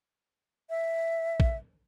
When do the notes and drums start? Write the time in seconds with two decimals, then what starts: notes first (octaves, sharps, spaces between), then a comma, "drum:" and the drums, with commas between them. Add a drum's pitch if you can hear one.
0.70 E5
1.40 drum: kick